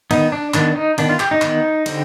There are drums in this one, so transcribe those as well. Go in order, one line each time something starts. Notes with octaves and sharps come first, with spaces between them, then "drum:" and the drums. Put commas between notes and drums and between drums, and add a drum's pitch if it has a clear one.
D#3 B3 D#4, drum: cymbal
D4
D#3 B3 D4, drum: clap
D#4
D#3 B3 D4, drum: cymbal
F4
G4, drum: clap
D#4
D#3 B3, drum: clap
D3 G3 C4, drum: cymbal